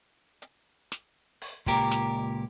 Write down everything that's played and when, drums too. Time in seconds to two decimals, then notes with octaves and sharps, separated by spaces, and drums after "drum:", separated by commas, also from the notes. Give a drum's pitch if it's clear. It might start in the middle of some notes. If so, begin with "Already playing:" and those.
0.42 drum: hi-hat
0.92 drum: snare
1.42 drum: open hi-hat
1.66 C#2 A#2 G4 A#4, drum: kick
1.91 drum: snare